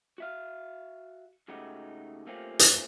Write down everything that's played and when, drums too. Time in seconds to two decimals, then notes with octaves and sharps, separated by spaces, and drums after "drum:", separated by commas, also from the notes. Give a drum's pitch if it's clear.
0.18 F#4 E5 F5
1.48 G#2 C#3 A3 D#4 F#4 G4
2.27 A3 A#3 C4 C#4 F4 G4
2.59 drum: hi-hat